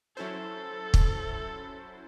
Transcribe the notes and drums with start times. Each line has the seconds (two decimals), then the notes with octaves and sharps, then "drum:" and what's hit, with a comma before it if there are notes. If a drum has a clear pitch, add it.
0.17 F#3 C#4 E4 A4 C5
0.94 drum: kick